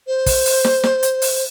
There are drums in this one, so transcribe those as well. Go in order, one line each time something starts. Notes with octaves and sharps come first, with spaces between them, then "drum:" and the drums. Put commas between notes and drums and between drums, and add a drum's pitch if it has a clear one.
C5
drum: kick, open hi-hat
drum: open hi-hat
drum: snare
drum: snare
drum: hi-hat
drum: open hi-hat